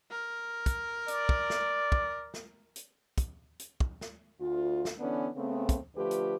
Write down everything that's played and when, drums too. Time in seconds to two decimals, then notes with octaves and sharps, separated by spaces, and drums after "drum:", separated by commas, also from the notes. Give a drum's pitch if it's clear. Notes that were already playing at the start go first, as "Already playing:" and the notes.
0.11 A#4
0.66 drum: kick, hi-hat
1.08 D5, drum: hi-hat
1.29 drum: kick
1.50 drum: snare
1.92 drum: kick
2.34 drum: snare
2.76 drum: hi-hat
3.18 drum: kick, hi-hat
3.59 drum: hi-hat
3.80 drum: kick
4.01 drum: snare
4.40 D2 F4
4.85 drum: snare
4.98 D3 E3 B3 C#4 D4
5.36 C#3 A3 B3 C4
5.69 drum: kick, hi-hat
5.96 D3 F3 A3 F4 G4 B4
6.11 drum: hi-hat